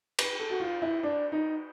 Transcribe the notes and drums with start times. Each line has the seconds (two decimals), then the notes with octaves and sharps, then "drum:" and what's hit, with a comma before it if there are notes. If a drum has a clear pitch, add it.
0.19 B4, drum: cymbal
0.40 A4
0.50 F#4
0.60 F4
0.82 E4
1.03 D4
1.32 D#4